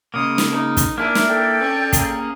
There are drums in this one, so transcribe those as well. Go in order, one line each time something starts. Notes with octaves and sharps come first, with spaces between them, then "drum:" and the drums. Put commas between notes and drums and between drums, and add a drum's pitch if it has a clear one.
C#3 G#3 A#3 D#5 D#6
drum: snare
D#4
drum: kick, hi-hat
A#3 D4 E4 A#4 E5 G#5
drum: snare
A4 D5 G5
C#4
A#3 G#4, drum: kick, hi-hat